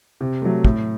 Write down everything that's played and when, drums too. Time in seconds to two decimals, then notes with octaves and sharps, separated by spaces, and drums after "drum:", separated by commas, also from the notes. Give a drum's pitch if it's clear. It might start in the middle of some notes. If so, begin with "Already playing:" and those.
0.21 C3
0.42 F#3 A3
0.64 A2, drum: kick